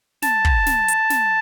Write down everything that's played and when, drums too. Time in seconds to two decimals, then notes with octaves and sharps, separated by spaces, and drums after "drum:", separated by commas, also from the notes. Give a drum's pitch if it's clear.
0.22 A5, drum: snare
0.45 drum: kick
0.66 drum: snare
0.88 drum: hi-hat
1.10 drum: snare